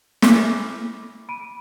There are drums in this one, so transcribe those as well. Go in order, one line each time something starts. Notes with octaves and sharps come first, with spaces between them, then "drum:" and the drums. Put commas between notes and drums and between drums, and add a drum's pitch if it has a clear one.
B5 D6 F6 A#6, drum: snare
B5 D7 D#7